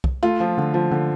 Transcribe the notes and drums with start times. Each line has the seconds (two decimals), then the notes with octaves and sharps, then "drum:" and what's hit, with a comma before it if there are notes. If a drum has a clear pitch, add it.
0.04 drum: kick
0.23 A3 F4
0.40 F3
0.58 D3
0.74 F3
0.91 D3